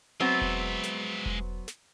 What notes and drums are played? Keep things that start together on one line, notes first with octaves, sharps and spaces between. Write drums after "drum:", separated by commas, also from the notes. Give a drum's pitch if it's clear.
F#3 G#3 B3 C4 E5
drum: kick E1
drum: snare
drum: kick E1
drum: snare